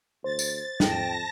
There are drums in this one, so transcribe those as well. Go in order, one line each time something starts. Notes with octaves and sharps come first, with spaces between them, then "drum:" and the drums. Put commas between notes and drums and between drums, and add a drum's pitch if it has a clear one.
D2 C5 A6
drum: tambourine
F2 G5 A5 A#6, drum: snare